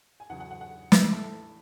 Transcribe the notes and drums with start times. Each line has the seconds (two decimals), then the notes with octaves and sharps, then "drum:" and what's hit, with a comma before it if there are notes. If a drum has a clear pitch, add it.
0.20 G#5
0.30 E2 C#3 F#3 F#5
0.40 F#5
0.51 F#5
0.61 F#5
0.92 A2 E3 E5, drum: snare
1.02 E5
1.13 A4
1.23 A4